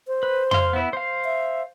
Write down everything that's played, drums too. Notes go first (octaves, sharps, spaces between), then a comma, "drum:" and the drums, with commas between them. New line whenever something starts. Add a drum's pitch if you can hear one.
C5
B4
F5 C6, drum: tom F2
B3 E4
C5 F5
E5